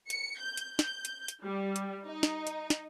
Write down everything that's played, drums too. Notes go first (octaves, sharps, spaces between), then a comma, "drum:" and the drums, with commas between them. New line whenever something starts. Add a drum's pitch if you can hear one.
C#7, drum: hi-hat
G6
drum: hi-hat
G6, drum: snare
drum: hi-hat
drum: hi-hat
G3
drum: hi-hat
D#4
drum: snare
drum: hi-hat
drum: snare